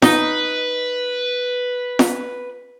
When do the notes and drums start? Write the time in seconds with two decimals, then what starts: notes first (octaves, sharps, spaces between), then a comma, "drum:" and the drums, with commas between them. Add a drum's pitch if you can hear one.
0.02 D#4 B4 D#5, drum: snare F4
1.99 drum: snare F4